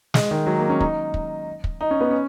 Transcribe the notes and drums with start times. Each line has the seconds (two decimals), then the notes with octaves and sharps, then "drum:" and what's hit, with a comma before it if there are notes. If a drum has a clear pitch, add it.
0.14 G#3, drum: snare
0.31 D#3
0.46 F#3
0.58 A#3
0.69 C#4
0.80 D#4, drum: kick
1.14 drum: kick
1.64 drum: kick
1.81 D#4
1.91 C#4
2.01 B3
2.11 C#4